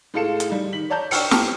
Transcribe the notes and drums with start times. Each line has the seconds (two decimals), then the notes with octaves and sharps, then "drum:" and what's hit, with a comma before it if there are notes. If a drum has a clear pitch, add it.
0.14 A2 G#3 F4 A4 C#7 E7
0.40 drum: hi-hat
0.50 G3 D#4
0.73 D#3 B6 F#7
0.90 C#5 D5 A5 A#5 G6
1.11 D4 G5 C#6 E6 F6 C#7, drum: open hi-hat
1.31 G4 G5 A5 A#5 F6, drum: snare